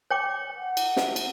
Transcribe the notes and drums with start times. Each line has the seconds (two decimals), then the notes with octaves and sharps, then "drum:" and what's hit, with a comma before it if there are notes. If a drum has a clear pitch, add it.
0.11 C#5 G5 D6
0.57 F#5
0.77 drum: cymbal
0.97 drum: snare
1.16 drum: cymbal